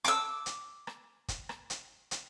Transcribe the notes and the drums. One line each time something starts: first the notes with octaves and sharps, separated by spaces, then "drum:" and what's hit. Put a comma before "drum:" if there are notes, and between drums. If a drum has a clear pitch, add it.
D6 E6, drum: hi-hat
drum: hi-hat
drum: rim click
drum: kick G1, hi-hat
drum: rim click
drum: hi-hat
drum: hi-hat